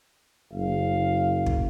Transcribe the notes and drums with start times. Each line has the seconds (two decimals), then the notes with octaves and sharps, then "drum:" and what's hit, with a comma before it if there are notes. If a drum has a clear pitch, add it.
0.53 F#1 F5
1.46 drum: kick